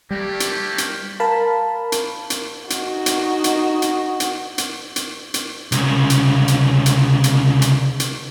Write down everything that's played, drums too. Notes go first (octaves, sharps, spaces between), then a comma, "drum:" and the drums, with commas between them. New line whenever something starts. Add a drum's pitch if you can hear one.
G3 A3 A#3 G4
drum: hi-hat
drum: hi-hat
A#4 F5 A5 B5
drum: hi-hat
drum: hi-hat
D#4 F#4, drum: hi-hat
drum: hi-hat
drum: hi-hat
drum: hi-hat
drum: hi-hat
drum: hi-hat
drum: hi-hat
drum: hi-hat
C2 C#3, drum: hi-hat
drum: hi-hat
drum: hi-hat
drum: hi-hat
drum: hi-hat
drum: hi-hat
drum: hi-hat